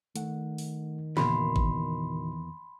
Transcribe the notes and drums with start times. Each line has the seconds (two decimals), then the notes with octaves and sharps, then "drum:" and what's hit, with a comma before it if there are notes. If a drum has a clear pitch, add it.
0.16 D#3 A3 F#5, drum: hi-hat
0.58 drum: open hi-hat
1.17 E2 A#2 C#3 A#3 F#4 B5 C6, drum: snare
1.56 drum: kick G#1